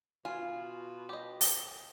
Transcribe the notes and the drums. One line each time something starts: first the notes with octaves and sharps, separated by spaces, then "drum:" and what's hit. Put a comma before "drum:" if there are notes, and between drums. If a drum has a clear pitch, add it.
B2 F4 G#5
G4 D#5
drum: open hi-hat